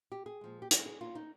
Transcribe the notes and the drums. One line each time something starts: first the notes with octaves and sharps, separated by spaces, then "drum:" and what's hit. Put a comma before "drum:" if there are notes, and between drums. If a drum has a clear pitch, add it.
G4
G#4
A#2 F3 G#3
G4
G#4, drum: hi-hat
G#4
D#2 D#3 A#3 F4
D#4